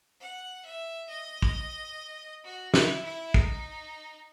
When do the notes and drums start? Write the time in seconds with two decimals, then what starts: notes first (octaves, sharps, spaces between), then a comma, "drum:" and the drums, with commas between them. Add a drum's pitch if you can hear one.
0.20 F#5
0.65 E5
1.09 D#5
1.42 drum: kick
2.44 F#4
2.74 E4, drum: snare
3.04 E4
3.34 D#4, drum: kick